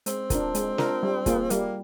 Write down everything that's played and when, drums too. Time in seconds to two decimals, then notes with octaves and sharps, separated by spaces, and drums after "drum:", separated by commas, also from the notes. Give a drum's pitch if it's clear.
0.06 G#3 C4, drum: hi-hat
0.30 D4 F4 A#4, drum: kick, hi-hat
0.55 G#3, drum: hi-hat
0.78 D4 F4 A#4, drum: snare
1.03 G3
1.26 A#3 F4 G#4, drum: kick, hi-hat
1.50 G3 A#3, drum: hi-hat